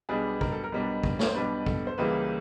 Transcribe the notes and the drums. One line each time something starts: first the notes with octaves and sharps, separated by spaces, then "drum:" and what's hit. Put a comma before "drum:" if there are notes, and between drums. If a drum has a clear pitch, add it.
B1 B2 G3 B3 D4 G#4
A#4, drum: kick G#1
A4
A#4
B1 B2 G3 B3 D4
drum: kick G#1
C#5, drum: snare
C5
B1 B2 G3 B3 D4 B4
A4, drum: kick G#1
C5
C#2 C#3 E3 G3 A#3 B4